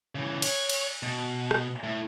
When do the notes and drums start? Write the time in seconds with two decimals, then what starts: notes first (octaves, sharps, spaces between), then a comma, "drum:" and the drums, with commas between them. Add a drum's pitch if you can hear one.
0.15 C#3 E3
0.42 C#5, drum: cymbal
0.69 drum: cymbal
1.03 B2
1.51 drum: rim click
1.83 A2